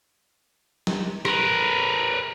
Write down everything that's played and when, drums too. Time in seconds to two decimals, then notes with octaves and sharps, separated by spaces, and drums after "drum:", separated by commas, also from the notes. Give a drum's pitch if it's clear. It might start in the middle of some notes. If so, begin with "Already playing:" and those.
0.87 drum: snare
1.25 A#4 B4, drum: rim click